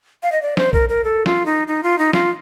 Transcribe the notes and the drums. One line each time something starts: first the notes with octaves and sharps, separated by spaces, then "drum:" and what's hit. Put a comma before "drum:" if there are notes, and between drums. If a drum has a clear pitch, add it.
F5
D#5
D5
C5, drum: snare
A#4, drum: kick
A#4
A4
F4, drum: snare
D#4
D#4
F4
D#4
F4, drum: snare